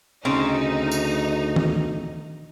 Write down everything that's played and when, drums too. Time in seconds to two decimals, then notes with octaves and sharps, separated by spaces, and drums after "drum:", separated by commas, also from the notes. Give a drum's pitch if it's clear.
0.25 D2 C#3 C4 D#4
0.92 drum: tambourine
1.56 drum: tom D#3